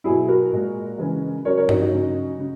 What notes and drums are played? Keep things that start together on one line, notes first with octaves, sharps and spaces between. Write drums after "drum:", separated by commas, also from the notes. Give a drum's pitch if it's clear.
B2 F#3 E4 G#4
F#4 A#4
A#2 G#3
C#3 E3 G#3
C#3 F#3 A#4 C#5
A#4 C#5
D#4 F#4, drum: tom G2
D#4 F#4
C#3 F#3
C#3